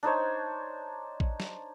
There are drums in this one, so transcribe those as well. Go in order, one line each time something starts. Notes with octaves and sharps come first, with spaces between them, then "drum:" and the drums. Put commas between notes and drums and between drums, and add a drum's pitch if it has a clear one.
D4 D#4 C5 C#5
drum: kick
drum: snare